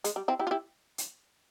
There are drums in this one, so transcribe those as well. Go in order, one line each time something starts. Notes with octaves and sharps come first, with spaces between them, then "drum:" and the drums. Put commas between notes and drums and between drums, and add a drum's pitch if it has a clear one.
G#3, drum: hi-hat
G3
C4 E4
E4 G4
F4
E4 G4
drum: hi-hat